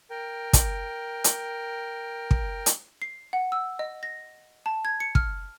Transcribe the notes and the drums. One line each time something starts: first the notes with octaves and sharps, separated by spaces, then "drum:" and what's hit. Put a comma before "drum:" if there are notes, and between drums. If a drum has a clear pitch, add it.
A#4 G5
drum: kick, hi-hat
drum: hi-hat
drum: kick
drum: hi-hat
C7
F#5
E6
D#5
A#6
A5
G#6
C#7
F6, drum: kick